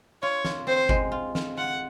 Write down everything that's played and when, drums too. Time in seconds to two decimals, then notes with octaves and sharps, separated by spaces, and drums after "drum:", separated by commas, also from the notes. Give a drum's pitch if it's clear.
0.22 F4 C#5
0.45 F4, drum: snare
0.67 C4 C5
0.89 G#3, drum: kick G1
1.12 F4
1.35 F4, drum: snare
1.57 F4 F#5